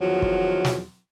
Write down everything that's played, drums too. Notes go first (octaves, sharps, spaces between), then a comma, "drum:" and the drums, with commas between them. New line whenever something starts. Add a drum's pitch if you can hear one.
E2 D#3 F3 F#3
drum: kick
drum: snare